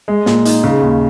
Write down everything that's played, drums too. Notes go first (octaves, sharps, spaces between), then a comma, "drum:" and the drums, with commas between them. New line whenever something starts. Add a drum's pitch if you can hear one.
G#3
A#2, drum: snare
D#4, drum: hi-hat
C#3
D#2